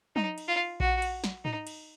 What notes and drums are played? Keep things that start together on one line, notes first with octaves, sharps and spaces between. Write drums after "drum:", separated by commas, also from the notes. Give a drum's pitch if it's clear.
D#4, drum: tom
drum: cymbal
F4
F#4, drum: kick A#1
drum: cymbal
drum: snare
D#4, drum: tom
drum: cymbal